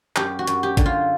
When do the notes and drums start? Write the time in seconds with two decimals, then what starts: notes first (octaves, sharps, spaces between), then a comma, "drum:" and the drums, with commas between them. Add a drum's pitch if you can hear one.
0.16 F#2 G4, drum: clap
0.39 F#4
0.47 F#2, drum: hi-hat
0.63 G4
0.77 D3, drum: kick A1, hi-hat
0.86 F4